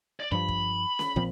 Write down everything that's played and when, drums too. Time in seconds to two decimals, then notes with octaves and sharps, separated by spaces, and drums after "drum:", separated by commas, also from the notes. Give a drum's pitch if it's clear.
0.20 D5
0.32 G2 F3 B5
0.48 drum: kick
0.99 drum: snare C#4
1.16 A#2 F3 C4, drum: kick